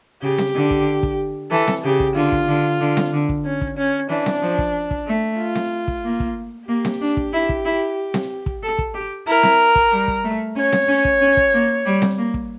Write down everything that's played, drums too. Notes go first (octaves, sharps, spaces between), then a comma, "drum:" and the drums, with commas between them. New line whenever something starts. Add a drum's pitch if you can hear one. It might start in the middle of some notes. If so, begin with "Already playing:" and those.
C#3 G4
drum: snare C4
D3
drum: kick
drum: kick
E3 A4
drum: snare C4
C#3 G4
drum: kick
D3 F4
drum: kick
D3
D3
drum: snare C4
D3
drum: kick
C#4
drum: kick
C#4
E3 D4
drum: snare C4
F3
drum: kick
drum: kick
A3
F4
drum: snare C4
drum: kick
A#3
drum: kick
A#3 G4
drum: snare C4
D4
drum: kick
E4
drum: kick
E4
drum: snare C4
drum: kick
A4
drum: kick
G4
E4 A#4
drum: snare C4
drum: kick
G3
drum: kick
A3
C#4 C#5
drum: snare C4
C#4
drum: kick
C#4
drum: kick
A#3
G3
drum: snare C4
A#3
drum: kick